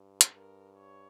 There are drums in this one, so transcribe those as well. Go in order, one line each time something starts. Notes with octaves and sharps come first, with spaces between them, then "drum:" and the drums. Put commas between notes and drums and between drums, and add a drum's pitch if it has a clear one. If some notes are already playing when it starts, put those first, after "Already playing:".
Already playing: G2
drum: hi-hat
G2 A#4
C#5